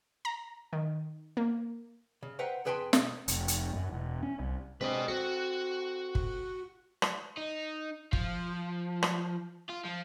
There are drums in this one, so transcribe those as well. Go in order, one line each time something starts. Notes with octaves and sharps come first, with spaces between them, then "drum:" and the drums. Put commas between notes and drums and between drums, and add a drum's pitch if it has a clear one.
A#5
D#3
A#3
C#3
B4 C5 E5 F#5 G5 A#5
F2 G#4 B4 G5 A5 C6
B2 D#4, drum: snare
F1, drum: hi-hat
drum: hi-hat
F#2
E1
C#4
C2
G#3 C4 D4 B4 D#5
C4 F#4 A4
drum: kick
drum: rim click
D#4
F3, drum: kick
drum: rim click
F4
F3